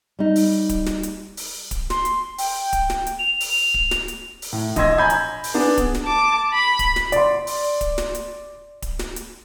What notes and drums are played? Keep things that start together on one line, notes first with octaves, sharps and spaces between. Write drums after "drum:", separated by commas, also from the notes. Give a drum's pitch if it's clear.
G3 D#4
drum: open hi-hat
drum: kick D1, hi-hat
drum: snare
drum: hi-hat
drum: open hi-hat
drum: kick D1, hi-hat
C6, drum: snare
drum: hi-hat
G5, drum: open hi-hat
drum: kick D1, hi-hat
drum: snare
drum: hi-hat
F7
drum: open hi-hat
drum: kick D1
drum: snare
drum: hi-hat
drum: open hi-hat
A2
A#1 D#5 C6 E6 G#6 A#6, drum: kick D1, hi-hat
G#5 A#5 B5 G6 G#6
drum: hi-hat
drum: open hi-hat
B3 D4 G#4
drum: kick D1, hi-hat
drum: snare
A5 D6
B5
drum: kick D1, hi-hat
drum: snare
D5 C6, drum: hi-hat
drum: open hi-hat
drum: kick D1, hi-hat
drum: snare
drum: hi-hat
drum: kick D1, hi-hat
drum: snare
drum: hi-hat